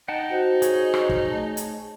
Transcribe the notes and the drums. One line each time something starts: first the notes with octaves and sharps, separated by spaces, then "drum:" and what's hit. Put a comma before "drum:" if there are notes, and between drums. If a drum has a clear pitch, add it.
D#4 F#5 G5 A5
F#4 C5 D#5
G#4 C#5, drum: hi-hat
drum: rim click
drum: kick
A3 A5
drum: hi-hat